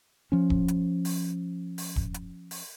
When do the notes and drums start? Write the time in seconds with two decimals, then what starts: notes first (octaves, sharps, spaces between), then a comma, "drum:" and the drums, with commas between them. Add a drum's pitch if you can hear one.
0.32 F3 C#4
0.50 drum: kick
0.68 drum: hi-hat
1.05 drum: open hi-hat
1.78 drum: open hi-hat
1.96 drum: kick
2.14 drum: hi-hat
2.51 drum: open hi-hat